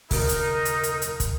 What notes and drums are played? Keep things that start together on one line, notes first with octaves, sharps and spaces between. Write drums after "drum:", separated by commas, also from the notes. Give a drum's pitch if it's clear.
F#1 D#2 B2 D#4 A#4, drum: kick, open hi-hat
drum: hi-hat
drum: hi-hat
drum: hi-hat
drum: hi-hat
drum: kick, hi-hat